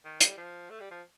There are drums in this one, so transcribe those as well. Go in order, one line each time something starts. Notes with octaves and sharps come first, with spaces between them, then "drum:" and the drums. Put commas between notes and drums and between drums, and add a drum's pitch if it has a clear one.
D#3
G3, drum: hi-hat
F3
A3
G3
F3